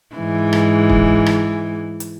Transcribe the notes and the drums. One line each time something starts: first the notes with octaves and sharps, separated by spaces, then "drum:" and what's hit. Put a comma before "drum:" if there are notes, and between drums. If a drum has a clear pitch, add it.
G#2 E3
drum: rim click
drum: kick
drum: rim click
drum: hi-hat